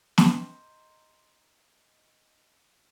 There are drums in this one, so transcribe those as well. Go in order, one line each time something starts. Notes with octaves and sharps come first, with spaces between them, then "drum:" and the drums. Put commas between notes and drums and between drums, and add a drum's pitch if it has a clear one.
D#4 C5, drum: snare